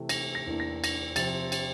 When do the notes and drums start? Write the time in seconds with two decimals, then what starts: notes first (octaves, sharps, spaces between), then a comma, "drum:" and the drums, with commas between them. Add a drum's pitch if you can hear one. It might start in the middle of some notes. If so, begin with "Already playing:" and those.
Already playing: C3 E3 A3
0.09 A#6, drum: cymbal
0.35 A#6
0.46 E2 E3 A#3 D4
0.60 A#6
0.84 A#6, drum: cymbal
1.16 C3 F3 C4 A6, drum: cymbal
1.52 drum: cymbal